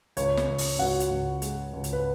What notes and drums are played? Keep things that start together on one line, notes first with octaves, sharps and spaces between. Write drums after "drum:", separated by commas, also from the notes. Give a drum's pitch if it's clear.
C#2 C#5, drum: hi-hat
drum: snare
C#2
drum: open hi-hat
C#2 F#4 F#5
drum: hi-hat
C#2
G#3, drum: hi-hat
C#2
drum: hi-hat
B4